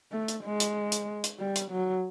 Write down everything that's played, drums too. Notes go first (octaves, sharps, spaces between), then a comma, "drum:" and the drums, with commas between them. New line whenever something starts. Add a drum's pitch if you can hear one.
A3
drum: hi-hat
G#3
drum: hi-hat
drum: hi-hat
drum: hi-hat
G3
drum: hi-hat
F#3